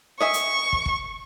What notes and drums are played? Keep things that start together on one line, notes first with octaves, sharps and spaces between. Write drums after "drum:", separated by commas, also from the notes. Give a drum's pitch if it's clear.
D#5 E5 G#5 C#6
drum: hi-hat
drum: kick
drum: kick